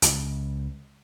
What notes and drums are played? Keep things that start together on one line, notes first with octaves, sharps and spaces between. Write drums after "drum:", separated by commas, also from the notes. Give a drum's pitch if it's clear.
C#2, drum: hi-hat